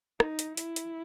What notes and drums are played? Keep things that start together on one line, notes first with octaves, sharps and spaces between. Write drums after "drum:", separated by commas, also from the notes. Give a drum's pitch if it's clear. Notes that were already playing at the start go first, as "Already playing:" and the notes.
D#4, drum: rim click
drum: hi-hat
E4, drum: hi-hat
drum: hi-hat